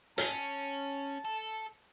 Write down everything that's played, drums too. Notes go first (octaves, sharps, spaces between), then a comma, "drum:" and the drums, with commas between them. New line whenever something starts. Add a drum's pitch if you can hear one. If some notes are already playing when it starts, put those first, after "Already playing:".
C#4 A5, drum: hi-hat
A4